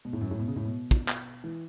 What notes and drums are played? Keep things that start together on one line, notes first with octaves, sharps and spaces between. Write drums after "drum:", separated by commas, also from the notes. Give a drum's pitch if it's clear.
B2
A2
F#2
A2
B2
C#3
A2
B2
drum: kick
drum: clap
E3